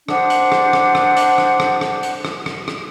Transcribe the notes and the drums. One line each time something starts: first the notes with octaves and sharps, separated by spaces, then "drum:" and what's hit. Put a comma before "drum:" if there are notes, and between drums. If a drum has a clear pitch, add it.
D4 C5 F#5, drum: rim click
drum: hi-hat
drum: rim click
drum: rim click
drum: rim click
drum: hi-hat
drum: rim click
drum: rim click
drum: rim click
drum: hi-hat
drum: rim click
drum: rim click
drum: rim click